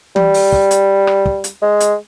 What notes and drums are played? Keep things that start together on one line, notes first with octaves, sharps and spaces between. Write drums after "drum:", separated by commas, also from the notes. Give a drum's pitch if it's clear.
G3, drum: tom
drum: open hi-hat
drum: kick
drum: hi-hat
drum: rim click
drum: kick
drum: hi-hat
G#3
drum: hi-hat